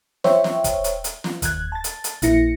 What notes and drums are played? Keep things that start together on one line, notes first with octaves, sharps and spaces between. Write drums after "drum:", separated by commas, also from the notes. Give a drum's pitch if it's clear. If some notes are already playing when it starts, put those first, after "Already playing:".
C5 C#5 E5 G5 C#6, drum: snare
drum: snare
drum: kick, hi-hat
drum: hi-hat
drum: hi-hat
drum: snare
D#2 F#6 G#6, drum: kick, hi-hat
A5 A6
drum: hi-hat
drum: hi-hat
A#1 A#3 E4 A#6 C#7, drum: hi-hat